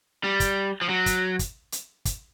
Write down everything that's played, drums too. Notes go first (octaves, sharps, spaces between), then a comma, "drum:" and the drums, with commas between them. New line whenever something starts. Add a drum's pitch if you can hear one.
G3
drum: kick, hi-hat
F3
F#3
drum: kick, hi-hat
drum: kick, hi-hat
drum: hi-hat
drum: kick, hi-hat